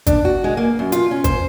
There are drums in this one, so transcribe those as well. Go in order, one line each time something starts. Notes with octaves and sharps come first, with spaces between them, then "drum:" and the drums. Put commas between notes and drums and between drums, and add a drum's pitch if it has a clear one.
D4, drum: kick G#1, hi-hat
F#4
G#3
A#3
F#2
F4, drum: hi-hat
C#4
C5, drum: kick G#1, hi-hat